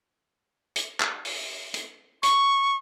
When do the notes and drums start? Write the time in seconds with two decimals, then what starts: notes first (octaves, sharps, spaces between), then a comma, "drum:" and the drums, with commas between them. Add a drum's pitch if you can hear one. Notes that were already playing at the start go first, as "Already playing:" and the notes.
0.76 drum: hi-hat
1.00 drum: clap
1.25 drum: open hi-hat
1.74 drum: hi-hat
2.23 C#6, drum: hi-hat